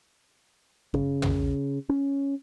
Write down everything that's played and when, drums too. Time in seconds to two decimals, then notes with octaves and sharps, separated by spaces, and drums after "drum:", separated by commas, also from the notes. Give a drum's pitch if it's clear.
0.94 C#3, drum: kick F#2
1.22 drum: tom
1.89 C#4